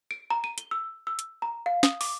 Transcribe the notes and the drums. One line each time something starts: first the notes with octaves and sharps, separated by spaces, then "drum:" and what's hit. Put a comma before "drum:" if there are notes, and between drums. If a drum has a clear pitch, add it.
D7
A#5
D#7
G7, drum: hi-hat
E6
E6
drum: hi-hat
A#5
F5
D#6, drum: snare
D6, drum: open hi-hat